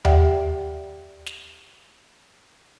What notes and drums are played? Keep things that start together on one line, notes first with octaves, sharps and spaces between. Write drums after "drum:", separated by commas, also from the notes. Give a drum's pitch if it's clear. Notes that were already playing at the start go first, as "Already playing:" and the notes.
G4 D5 E5 F#5 G5, drum: tom D#2
drum: snare